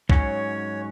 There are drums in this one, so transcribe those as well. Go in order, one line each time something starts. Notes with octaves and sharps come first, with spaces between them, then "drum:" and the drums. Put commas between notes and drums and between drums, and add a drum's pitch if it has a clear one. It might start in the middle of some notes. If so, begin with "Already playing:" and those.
G#2 F#3 C#4 C#5, drum: kick